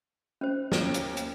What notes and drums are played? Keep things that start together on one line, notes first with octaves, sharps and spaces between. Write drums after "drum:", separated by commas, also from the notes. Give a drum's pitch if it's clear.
C#4 C5
D#2 D7, drum: snare
drum: hi-hat
drum: hi-hat